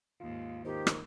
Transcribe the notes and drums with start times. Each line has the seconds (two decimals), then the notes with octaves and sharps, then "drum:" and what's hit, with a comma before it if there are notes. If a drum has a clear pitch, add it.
0.20 D#2 G#2 F4
0.65 D#3 F3 G4
0.87 drum: rim click